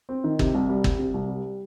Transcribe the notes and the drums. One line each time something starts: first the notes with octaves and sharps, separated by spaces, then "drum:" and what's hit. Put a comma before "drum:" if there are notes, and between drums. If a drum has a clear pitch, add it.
C4
D#3
C3, drum: kick G1
C2
G3
C2, drum: kick G1
C3
C2
G3